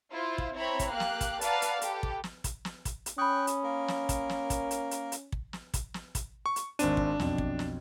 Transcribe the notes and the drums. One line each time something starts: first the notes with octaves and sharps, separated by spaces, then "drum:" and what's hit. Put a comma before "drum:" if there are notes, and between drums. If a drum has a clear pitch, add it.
E4 F4 C5
drum: kick
C4 E4 C#5 A#5 B5
drum: kick, hi-hat
A#3 G4 F5 F#6
drum: snare
drum: kick, hi-hat
B4 D5 F5 F#5 A5 A#5, drum: hi-hat
drum: hi-hat
G4 A4 B4, drum: hi-hat
drum: kick
drum: snare
drum: kick, hi-hat
drum: snare
drum: kick, hi-hat
drum: hi-hat
C#4 G5 B5 C#6 D#6 F#6
drum: hi-hat
A#3 A#4
drum: snare
drum: kick, hi-hat
drum: snare
drum: kick, hi-hat
drum: hi-hat
drum: hi-hat
drum: hi-hat
drum: kick
drum: snare
drum: kick, hi-hat
drum: snare
drum: kick, hi-hat
C#6
drum: hi-hat
G#1 C4 D4 D#7, drum: hi-hat
drum: kick
B1 F2, drum: snare
drum: kick
drum: snare